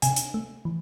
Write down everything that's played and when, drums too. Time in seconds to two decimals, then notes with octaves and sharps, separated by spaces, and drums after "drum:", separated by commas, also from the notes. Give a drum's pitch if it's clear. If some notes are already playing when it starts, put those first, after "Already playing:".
0.02 C3 G#5, drum: hi-hat
0.16 drum: hi-hat
0.34 A3
0.65 E3